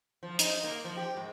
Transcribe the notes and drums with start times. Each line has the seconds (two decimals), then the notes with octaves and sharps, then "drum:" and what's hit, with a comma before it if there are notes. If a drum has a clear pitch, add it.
0.23 F3
0.39 D#4, drum: hi-hat
0.64 A#3
0.85 F3
0.97 G4
1.17 G#2